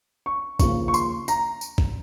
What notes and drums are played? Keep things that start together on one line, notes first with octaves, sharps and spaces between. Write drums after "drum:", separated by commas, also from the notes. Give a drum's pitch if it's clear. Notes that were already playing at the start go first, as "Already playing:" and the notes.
C#6
D#2 C#3 F3 A#3 C#6, drum: kick, tambourine
C#6
C6, drum: tambourine
A#5, drum: tambourine
drum: tambourine
drum: kick